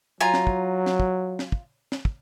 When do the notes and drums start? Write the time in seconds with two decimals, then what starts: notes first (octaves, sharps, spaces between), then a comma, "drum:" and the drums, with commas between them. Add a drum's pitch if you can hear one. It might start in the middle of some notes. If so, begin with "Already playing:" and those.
0.20 F#3 F4 G#5 A#5
0.34 drum: snare
0.47 drum: kick
0.86 drum: snare
1.00 drum: kick
1.39 drum: snare
1.52 drum: kick
1.92 drum: snare
2.05 drum: kick